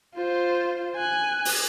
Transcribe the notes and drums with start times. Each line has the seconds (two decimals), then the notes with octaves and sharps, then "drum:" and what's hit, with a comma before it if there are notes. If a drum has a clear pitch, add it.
0.15 F4 C5
0.97 G#5 F#6
1.45 drum: open hi-hat